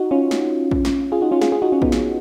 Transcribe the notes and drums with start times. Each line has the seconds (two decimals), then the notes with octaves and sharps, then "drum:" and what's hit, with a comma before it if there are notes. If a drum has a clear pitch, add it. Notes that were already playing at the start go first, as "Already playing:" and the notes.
Already playing: D#4 F#4
0.11 C#4 F4
0.31 drum: snare
0.71 drum: kick A#1
0.85 drum: snare
1.12 F4 G#4
1.22 D#4 F#4
1.31 C#4 F4
1.41 F4 G#4, drum: snare
1.52 F4 G#4
1.62 D#4 F#4
1.72 C#4 F4
1.82 B3 D#4, drum: kick A#1
1.92 drum: snare